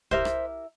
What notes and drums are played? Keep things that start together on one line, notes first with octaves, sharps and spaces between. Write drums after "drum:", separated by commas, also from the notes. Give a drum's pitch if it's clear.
E4 G4 A#4 C5 E5, drum: kick
drum: rim click